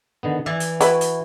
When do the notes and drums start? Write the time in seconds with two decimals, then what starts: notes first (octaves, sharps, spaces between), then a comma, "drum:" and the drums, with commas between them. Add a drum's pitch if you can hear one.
0.23 D3 D#3 B3
0.46 E3 E4 D5 E5
0.60 drum: hi-hat
0.81 E4 F#4 B4, drum: hi-hat
1.01 drum: hi-hat